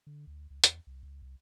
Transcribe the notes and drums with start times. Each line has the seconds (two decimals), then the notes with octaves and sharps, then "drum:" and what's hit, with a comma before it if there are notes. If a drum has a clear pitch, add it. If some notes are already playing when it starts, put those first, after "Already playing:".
0.07 D3
0.27 D2
0.50 C#2
0.64 E2, drum: hi-hat
0.87 C2
1.03 C#2
1.22 C2